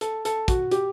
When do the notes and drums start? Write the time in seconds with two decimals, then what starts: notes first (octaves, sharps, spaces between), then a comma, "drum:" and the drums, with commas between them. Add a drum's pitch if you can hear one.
0.01 A4, drum: hi-hat
0.25 A4, drum: hi-hat
0.48 F#4, drum: kick, hi-hat
0.71 G4, drum: hi-hat